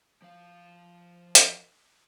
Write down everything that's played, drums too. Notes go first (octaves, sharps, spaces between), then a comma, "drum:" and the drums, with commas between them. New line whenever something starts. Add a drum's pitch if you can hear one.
F3 F5
drum: hi-hat